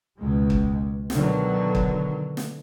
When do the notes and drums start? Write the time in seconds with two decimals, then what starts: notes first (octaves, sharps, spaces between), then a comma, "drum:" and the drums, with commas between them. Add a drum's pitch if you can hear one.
0.19 C#2 B2 G#3
0.50 drum: kick
1.10 B2 D3 D#3 F#3, drum: snare
1.75 drum: kick
2.37 drum: snare